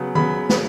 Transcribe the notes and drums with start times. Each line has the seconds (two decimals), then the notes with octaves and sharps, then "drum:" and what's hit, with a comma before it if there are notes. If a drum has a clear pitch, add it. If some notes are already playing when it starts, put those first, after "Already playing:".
Already playing: C#3 F#3 B3
0.15 C#3 F#3 B3 B5, drum: tom D#3
0.49 drum: snare